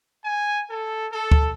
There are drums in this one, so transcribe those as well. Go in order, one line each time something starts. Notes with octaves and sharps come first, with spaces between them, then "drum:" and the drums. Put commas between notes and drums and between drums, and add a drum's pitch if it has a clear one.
G#5
A4
A4
drum: kick D2